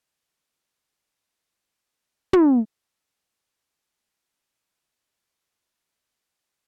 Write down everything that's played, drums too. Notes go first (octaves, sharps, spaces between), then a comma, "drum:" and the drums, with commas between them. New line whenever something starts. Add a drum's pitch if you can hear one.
C#4 F6
G1 C#2 B2 E3 D5 F#6
drum: tom
D3
C6 B6
C4 F#4 G4